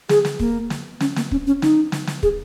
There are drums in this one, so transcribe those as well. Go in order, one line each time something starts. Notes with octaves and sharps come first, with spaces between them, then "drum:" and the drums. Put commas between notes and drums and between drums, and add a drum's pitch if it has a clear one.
G#4, drum: snare
drum: snare
A#3, drum: kick
drum: snare
C#4, drum: snare
A#3, drum: snare
C#4, drum: kick
C#4
D#4, drum: snare
drum: snare
drum: snare
G#4, drum: kick